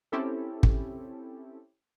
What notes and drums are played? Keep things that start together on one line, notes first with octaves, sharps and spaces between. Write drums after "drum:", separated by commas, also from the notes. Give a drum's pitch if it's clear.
C4 C#4 E4 G4 A4
drum: kick